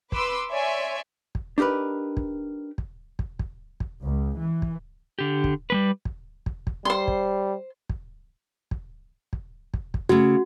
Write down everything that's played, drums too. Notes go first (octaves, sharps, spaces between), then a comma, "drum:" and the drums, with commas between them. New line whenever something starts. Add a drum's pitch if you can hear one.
B4 C6 D6 E6, drum: kick
C#5 D5 E5 G#5 C6
drum: kick
D4 D#4 G4 A#4 B4
drum: kick
drum: kick
drum: kick
drum: kick
drum: kick
C#2
E3
drum: kick
D3 G4
drum: kick
G3 G#3 B4
drum: kick
drum: kick
drum: kick
G3 C5 C6
drum: kick
drum: kick
drum: kick
drum: kick
drum: kick
drum: kick
C#3 A3 F#4